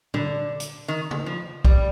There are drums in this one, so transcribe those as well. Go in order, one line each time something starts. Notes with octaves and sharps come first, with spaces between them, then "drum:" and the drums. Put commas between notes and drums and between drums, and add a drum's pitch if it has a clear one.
D3, drum: tom A#2
drum: hi-hat
D#3
drum: tom C#3
F3
G3, drum: kick B1